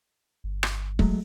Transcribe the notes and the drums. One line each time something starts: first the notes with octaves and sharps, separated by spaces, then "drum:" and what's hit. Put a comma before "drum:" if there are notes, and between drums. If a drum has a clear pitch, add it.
G1
drum: rim click
F#3 G#3 A3, drum: kick